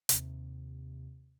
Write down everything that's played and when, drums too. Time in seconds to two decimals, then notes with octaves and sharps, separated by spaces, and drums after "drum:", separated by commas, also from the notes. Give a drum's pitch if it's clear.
0.09 D#2 C3, drum: hi-hat